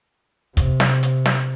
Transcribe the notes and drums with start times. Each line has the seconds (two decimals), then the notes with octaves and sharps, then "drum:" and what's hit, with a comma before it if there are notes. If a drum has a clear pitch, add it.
0.57 C3, drum: kick, hi-hat
0.80 drum: snare
1.03 drum: hi-hat
1.26 drum: snare